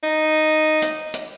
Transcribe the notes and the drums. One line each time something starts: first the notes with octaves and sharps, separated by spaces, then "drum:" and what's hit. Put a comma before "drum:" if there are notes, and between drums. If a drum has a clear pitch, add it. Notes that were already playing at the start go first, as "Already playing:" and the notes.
D#4
drum: hi-hat
drum: hi-hat